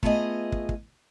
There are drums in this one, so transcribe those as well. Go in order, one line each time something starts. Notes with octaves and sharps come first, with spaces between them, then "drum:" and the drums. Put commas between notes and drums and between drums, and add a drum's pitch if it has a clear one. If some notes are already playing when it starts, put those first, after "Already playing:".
A3 B3 F4 G#4 D#5, drum: kick
drum: kick
drum: kick